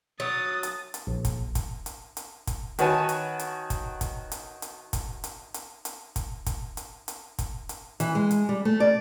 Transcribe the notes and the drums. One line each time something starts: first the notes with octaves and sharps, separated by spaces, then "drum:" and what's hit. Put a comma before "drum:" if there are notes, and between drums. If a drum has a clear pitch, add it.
F#3 D#6 A6
drum: hi-hat
drum: hi-hat
A#1
drum: kick, hi-hat
drum: kick, hi-hat
drum: hi-hat
drum: hi-hat
drum: kick, hi-hat
D#3 F#4 B4 C#5 G#5 A5, drum: hi-hat
drum: hi-hat
drum: hi-hat
drum: kick, hi-hat
drum: kick, hi-hat
drum: hi-hat
drum: hi-hat
drum: kick, hi-hat
drum: hi-hat
drum: hi-hat
drum: hi-hat
drum: kick, hi-hat
drum: kick, hi-hat
drum: hi-hat
drum: hi-hat
drum: kick, hi-hat
drum: hi-hat
E3, drum: hi-hat
G#3
drum: hi-hat
G3
A3
D5